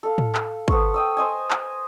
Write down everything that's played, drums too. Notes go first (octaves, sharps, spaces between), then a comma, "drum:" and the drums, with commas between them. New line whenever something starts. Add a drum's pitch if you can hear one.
A4 F5
drum: tom A2
drum: clap
B3 A4 C5 C#6, drum: kick
G5 D#6 E6
C5 D#5 G#5
drum: clap